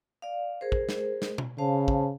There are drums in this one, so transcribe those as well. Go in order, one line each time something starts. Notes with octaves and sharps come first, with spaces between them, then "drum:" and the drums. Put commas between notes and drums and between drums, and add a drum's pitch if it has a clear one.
D5 F5
G#4 A#4 C5
drum: kick
drum: snare
drum: snare
drum: tom B2
C#3 C5 F5 A5
drum: kick